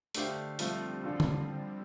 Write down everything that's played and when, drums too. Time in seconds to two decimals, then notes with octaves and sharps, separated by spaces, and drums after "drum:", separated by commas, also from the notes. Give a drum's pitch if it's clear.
0.15 D3 A3 D4 G4 C5 F5, drum: hi-hat
0.59 F3 G3 A3 C4 F4 C5, drum: hi-hat
1.04 D3 F3 D4 F4 A4
1.20 drum: tom D3